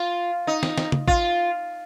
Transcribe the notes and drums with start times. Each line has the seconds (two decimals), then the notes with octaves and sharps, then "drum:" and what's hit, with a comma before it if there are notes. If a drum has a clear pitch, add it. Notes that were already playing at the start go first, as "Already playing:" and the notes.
Already playing: F4
0.47 D#4
0.63 drum: snare
0.78 drum: snare
0.92 drum: tom C#3
1.08 F4, drum: kick